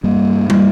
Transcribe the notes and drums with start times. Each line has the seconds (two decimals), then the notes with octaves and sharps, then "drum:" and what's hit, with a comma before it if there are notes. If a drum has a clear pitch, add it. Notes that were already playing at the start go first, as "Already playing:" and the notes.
0.04 G2 G3 A#3
0.50 G3 A#3, drum: tom